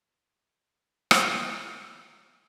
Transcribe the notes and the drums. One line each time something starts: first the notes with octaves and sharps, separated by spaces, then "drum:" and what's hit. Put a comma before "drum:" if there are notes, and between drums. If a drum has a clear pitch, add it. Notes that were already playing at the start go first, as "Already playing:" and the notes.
A#3 C#4
drum: rim click